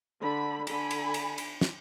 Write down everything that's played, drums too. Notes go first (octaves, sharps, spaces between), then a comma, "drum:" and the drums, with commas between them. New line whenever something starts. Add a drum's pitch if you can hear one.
D3 B5
D3 G#5 B5, drum: cymbal
drum: cymbal
drum: cymbal
drum: cymbal
drum: snare